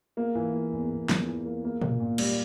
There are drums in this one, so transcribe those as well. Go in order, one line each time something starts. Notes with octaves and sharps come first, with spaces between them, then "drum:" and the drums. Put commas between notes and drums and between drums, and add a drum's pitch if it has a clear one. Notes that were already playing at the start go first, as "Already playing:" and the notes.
A#3
E3
A#3
E2
E2
E2, drum: snare
E3
A#3
A#3
A#2, drum: tom
A#2
G3, drum: cymbal